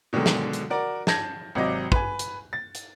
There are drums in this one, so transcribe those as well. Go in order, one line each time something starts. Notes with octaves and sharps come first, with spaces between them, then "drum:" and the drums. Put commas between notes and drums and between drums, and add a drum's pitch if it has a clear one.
B2 D3 D#3 F#3 G#3
drum: snare
drum: hi-hat
F#4 A#4 D5
A5 G6 G#6 A#6, drum: snare
G#1 C3 F#3 D#5 D6
B4 G#5, drum: kick
drum: hi-hat
A6
drum: hi-hat